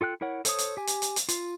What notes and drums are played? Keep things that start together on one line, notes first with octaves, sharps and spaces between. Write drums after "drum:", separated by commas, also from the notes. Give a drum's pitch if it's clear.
F4 A4 G5 F#6
E4 A#4 C#5 F#5
A4 C5 C#5 D#6, drum: hi-hat
drum: hi-hat
G4 G#5
drum: hi-hat
drum: hi-hat
drum: hi-hat
F4, drum: hi-hat